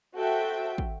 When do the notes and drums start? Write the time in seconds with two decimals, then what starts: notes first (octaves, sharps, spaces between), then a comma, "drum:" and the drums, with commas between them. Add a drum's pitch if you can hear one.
0.16 F#4 A4 C5 E5 G5
0.78 drum: kick